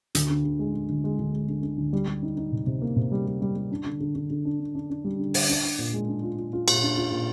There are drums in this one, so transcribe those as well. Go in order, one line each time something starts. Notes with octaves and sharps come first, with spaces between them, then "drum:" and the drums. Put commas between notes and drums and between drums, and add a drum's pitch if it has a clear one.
D2, drum: hi-hat
D3
D3
G#3
D3
D2
G#3
D2
G#3
D3
D3
D2
G3
G3
D#4
D#4
C3
C3
A#3
C3
G3
G3
G3
G3
D4
D3
D3
D3
D3
D4
D3
D4
D4
G3
D3
D3, drum: open hi-hat
D4
D4
A#2
G#3
D4
F4
F4
F4
A#2, drum: cymbal
D4
F4
A#2